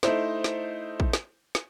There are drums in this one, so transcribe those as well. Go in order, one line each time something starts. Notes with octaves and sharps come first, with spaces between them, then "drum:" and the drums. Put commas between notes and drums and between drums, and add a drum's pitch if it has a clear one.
A3 D#4 E4 C5, drum: snare
drum: snare
drum: kick
drum: snare
drum: snare